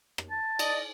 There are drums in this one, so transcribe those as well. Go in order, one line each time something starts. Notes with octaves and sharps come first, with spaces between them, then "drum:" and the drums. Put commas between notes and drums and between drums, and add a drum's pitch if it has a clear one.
drum: rim click
A5
D5 D#5, drum: cymbal